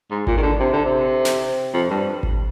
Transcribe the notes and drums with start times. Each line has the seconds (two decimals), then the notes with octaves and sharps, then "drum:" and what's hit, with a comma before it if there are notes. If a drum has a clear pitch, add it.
0.11 G#2
0.27 A#2, drum: kick G#1
0.37 D#3
0.43 D3
0.60 C3
0.73 D3
0.86 C3
1.25 drum: snare
1.74 F2
1.90 G2
2.23 drum: kick G#1